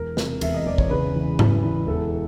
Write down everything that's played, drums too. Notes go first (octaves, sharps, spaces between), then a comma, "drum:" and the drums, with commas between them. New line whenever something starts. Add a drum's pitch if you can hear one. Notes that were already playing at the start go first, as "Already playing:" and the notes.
Already playing: E1 A#4
C3, drum: snare
E1 E5, drum: cymbal
D#5
E1 D5
C#5, drum: kick
C#3 B4
E2
E3, drum: tom G#2
E3
E1 A4